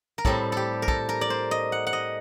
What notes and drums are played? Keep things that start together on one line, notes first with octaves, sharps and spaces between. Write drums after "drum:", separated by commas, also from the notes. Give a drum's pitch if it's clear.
A#4
A2 G3 C4 A4, drum: kick
G4 A4
A#4
A4, drum: kick
A#4
D5
C5
D#5
F#5
F#5
D#5